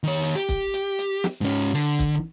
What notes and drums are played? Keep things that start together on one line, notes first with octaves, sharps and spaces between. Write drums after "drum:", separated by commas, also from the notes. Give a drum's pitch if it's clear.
D#3 C#5
drum: hi-hat
G4
drum: kick, hi-hat
drum: hi-hat
drum: hi-hat
drum: snare
G#2 C#4
D3, drum: open hi-hat
drum: kick, hi-hat